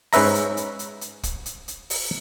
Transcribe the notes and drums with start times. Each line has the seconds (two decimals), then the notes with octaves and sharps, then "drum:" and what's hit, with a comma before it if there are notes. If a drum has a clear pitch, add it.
0.13 G#2 C#4 B4 E5 A#5, drum: open hi-hat
0.35 drum: hi-hat
0.57 drum: hi-hat
0.79 drum: hi-hat
1.01 drum: hi-hat
1.23 drum: kick, hi-hat
1.46 drum: hi-hat
1.68 drum: hi-hat
1.90 drum: open hi-hat